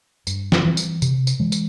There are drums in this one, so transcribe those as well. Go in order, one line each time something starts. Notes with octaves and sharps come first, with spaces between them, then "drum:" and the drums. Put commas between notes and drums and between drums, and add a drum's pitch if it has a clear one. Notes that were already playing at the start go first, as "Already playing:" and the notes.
G2, drum: tambourine
drum: snare
E3 G3 C4
drum: tambourine
C3, drum: tambourine
drum: tambourine
E3 G#3
drum: tambourine